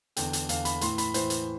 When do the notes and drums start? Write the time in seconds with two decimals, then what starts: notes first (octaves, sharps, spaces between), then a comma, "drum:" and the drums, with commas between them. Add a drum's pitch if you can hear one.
0.17 E2 D3 G5, drum: hi-hat
0.33 drum: hi-hat
0.49 E2 D3 F5, drum: hi-hat
0.65 B5, drum: hi-hat
0.81 A2 E3 C6, drum: hi-hat
0.98 B5, drum: hi-hat
1.14 A2 E3 C5, drum: hi-hat
1.30 drum: hi-hat